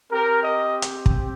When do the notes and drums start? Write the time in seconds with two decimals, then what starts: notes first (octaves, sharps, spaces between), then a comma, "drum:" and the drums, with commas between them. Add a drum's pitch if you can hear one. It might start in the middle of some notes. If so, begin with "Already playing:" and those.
0.12 C4 G4 A#4
0.44 D#5
0.82 drum: hi-hat
1.06 drum: kick